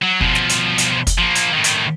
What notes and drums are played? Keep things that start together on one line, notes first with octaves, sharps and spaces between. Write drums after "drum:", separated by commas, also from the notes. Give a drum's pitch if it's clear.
F#3
B2 F3, drum: kick
drum: snare
drum: hi-hat
drum: hi-hat
drum: kick, hi-hat
F3 A#3
drum: hi-hat
A2 D#3
drum: hi-hat